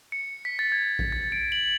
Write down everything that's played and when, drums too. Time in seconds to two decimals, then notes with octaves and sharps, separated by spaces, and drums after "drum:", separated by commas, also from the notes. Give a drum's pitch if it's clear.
0.12 C#7
0.45 B6
0.59 A6
0.72 G#6
0.99 drum: kick A#1
1.12 A6
1.32 D7
1.52 F#7